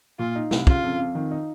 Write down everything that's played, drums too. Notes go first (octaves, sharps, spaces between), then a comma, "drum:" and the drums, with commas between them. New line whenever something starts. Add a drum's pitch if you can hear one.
A#2 F4
D#4
C2, drum: snare
C#3 F4, drum: kick
F2
F2
D#3
D#4